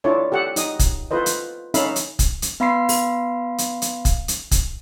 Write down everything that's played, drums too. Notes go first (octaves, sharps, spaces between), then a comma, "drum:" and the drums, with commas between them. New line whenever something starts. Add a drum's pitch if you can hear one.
D4 E4 F4 A4 C#5 D5
G4 A4 F#5
D#4 D#5 D#6, drum: hi-hat
drum: kick, hi-hat
F4 A4 B4 C5 D#5
drum: hi-hat
C#4 D#4 A4 E5 F5 B5, drum: hi-hat
drum: hi-hat
drum: kick, hi-hat
drum: hi-hat
B3 F5 B5 C6 C7
drum: open hi-hat
drum: hi-hat
drum: hi-hat
drum: kick, hi-hat
drum: hi-hat
drum: kick, hi-hat